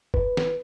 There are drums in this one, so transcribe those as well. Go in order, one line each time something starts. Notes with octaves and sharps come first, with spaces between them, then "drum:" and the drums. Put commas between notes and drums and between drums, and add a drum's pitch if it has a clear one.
B4, drum: kick F1
drum: snare